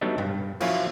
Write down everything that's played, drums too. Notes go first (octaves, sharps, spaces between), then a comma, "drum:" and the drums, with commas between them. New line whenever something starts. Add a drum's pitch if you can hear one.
F#3 G3 A3 B3 D4 D#4
G2, drum: tom
F3 F#3 A#3 C#4 E4 F4, drum: cymbal